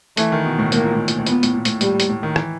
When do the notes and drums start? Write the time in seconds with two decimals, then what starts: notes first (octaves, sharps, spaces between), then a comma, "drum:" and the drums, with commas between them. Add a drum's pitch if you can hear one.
0.17 E3 A3, drum: hi-hat
0.32 D#3
0.45 B2
0.59 A2
0.72 A2 A#3, drum: hi-hat
0.84 A#2
0.95 A2
1.08 A#2, drum: hi-hat
1.19 A2
1.26 A#2 B3, drum: hi-hat
1.43 A2, drum: hi-hat
1.53 A#2
1.65 A2, drum: hi-hat
1.81 A2 G3, drum: hi-hat
2.00 drum: hi-hat
2.09 A2
2.23 D#3
2.36 E3, drum: rim click